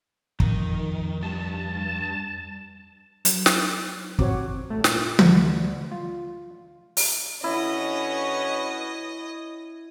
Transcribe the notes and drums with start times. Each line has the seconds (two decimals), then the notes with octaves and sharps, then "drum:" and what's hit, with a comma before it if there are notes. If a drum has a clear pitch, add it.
0.40 F2 D#3, drum: kick
1.23 G2 A5
3.25 F#3, drum: hi-hat
3.46 drum: snare
4.19 C4 F#4 C#5 D6, drum: kick
4.70 A3
4.84 A#2, drum: snare
5.19 D2, drum: tom
5.92 F4
6.97 drum: open hi-hat
7.44 D3 C#4 E4 F#4 B4 D#5